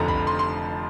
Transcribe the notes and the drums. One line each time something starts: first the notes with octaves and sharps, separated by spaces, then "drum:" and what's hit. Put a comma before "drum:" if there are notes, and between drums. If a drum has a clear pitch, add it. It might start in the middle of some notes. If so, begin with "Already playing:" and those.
Already playing: F1 F2 D3 F3 A#5
B5, drum: kick B1
C6
C6